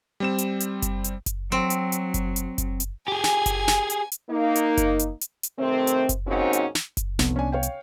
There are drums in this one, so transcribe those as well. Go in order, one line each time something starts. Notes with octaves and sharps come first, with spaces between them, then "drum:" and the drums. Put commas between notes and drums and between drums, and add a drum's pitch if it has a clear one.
G3 C4 E7
drum: hi-hat
drum: hi-hat
drum: kick F#1, hi-hat
drum: hi-hat
drum: kick F#1, hi-hat
F#3 C4
drum: hi-hat
drum: hi-hat
drum: kick F#1, hi-hat
drum: hi-hat
drum: kick F#1, hi-hat
drum: hi-hat
G4 G#4 G#5
drum: snare
drum: kick F#1, hi-hat
drum: snare
drum: hi-hat
drum: hi-hat
A#3 D#4
drum: hi-hat
drum: kick F#1, hi-hat
drum: hi-hat
drum: hi-hat
drum: hi-hat
C3 D#3 A3 C4
drum: hi-hat
drum: kick F#1, hi-hat
D#2 G#2 C4 C#4 D#4 F#4
drum: hi-hat
drum: snare
drum: kick F#1, hi-hat
F1 C2 B3, drum: snare
C#4 D4 G#5
C#5 F5 G5
drum: hi-hat